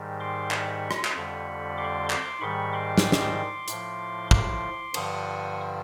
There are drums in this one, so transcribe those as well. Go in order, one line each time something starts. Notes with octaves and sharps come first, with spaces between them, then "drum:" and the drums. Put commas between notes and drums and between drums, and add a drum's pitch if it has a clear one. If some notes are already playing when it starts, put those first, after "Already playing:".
Already playing: G#2 D#3 G3
C6 D6
B5 C#6, drum: clap
drum: rim click
drum: clap
F2 D3 G3
C6 D6
C6 D6, drum: clap
G#2 D#3 G3 B5 C#6
C6 D6
drum: snare
drum: snare
A2 F3, drum: hi-hat
C6 D6, drum: kick
G2 D3 F3 C#6 D#6, drum: cymbal